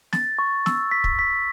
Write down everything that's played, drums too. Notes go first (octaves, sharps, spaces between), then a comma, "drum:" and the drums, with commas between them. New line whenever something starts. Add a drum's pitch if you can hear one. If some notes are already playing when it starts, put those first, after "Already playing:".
A6, drum: snare
C#6
E6, drum: snare
B6
drum: kick
B6